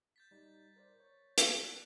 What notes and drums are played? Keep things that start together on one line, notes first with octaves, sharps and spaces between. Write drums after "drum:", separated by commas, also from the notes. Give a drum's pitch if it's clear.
G6 A6 B6
G3 D#4
A#4 C5 D5
C#5
drum: hi-hat
F6 F#6